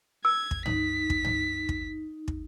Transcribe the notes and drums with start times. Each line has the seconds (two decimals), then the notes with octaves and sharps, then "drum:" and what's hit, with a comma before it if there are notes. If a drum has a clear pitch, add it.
0.25 E6 G#6
0.51 drum: kick
0.66 D#4 B6, drum: tom
1.10 drum: kick
1.25 drum: tom
1.69 drum: kick
2.28 drum: kick